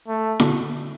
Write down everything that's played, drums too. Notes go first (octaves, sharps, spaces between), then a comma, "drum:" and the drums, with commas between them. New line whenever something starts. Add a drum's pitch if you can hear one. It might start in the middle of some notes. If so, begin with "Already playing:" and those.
A3
B2 D3, drum: snare E4